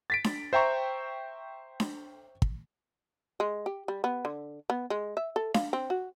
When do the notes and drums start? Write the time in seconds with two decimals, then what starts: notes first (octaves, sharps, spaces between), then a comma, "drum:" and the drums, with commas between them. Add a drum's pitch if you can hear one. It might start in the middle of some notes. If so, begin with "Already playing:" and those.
0.10 A6 B6 D7
0.24 drum: snare D4
0.53 C5 E5 G5 A#5 C#6
1.80 drum: snare D4
2.42 drum: kick
3.40 G#3
3.66 G4
3.88 G3
4.04 B3
4.25 D3
4.70 B3
4.90 G#3
5.17 E5
5.36 A4
5.54 F5, drum: snare D4
5.73 C4
5.90 F#4